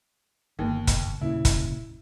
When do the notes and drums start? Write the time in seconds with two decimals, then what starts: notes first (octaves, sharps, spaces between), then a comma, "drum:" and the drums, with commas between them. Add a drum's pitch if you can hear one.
0.59 G1 D#2
0.87 drum: kick, hi-hat
1.21 D#1 A#2 C#3 E4
1.45 drum: kick, hi-hat